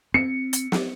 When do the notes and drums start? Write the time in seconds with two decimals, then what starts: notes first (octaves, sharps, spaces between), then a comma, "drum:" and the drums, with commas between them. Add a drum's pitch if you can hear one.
0.14 C4 C#7
0.53 drum: hi-hat
0.72 drum: snare